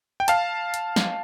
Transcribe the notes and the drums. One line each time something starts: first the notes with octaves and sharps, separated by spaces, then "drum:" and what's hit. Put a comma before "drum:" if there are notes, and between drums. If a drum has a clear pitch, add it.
G5
F5 A5, drum: hi-hat
drum: hi-hat
drum: snare